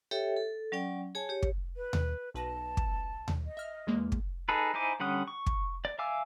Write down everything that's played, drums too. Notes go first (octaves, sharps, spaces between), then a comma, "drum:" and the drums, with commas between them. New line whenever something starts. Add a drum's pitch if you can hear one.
G4 A4 C#5 E5 G5
A4
F#3 C#4 D5 G5
G#4 C#5 G#5 A5
G4 C#5
drum: kick
B4
drum: tom D#2
B1 B4 A5 A#6
drum: kick
drum: tom D#2
D#5
E5 F6
E2 G#3 A#3
drum: kick
D#4 G#4 A4 B4
D#4 E4 C5 G#5 D6
D3 G3 C#4 F#5 D#6
C#6
drum: kick
D5
E5 F5 G#5 D6 E6